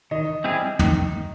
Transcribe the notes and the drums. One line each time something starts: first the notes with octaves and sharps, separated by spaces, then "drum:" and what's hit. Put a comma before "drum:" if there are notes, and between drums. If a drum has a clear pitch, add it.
D#3 D#5
G3 C4 E4 G#4
D#3, drum: tom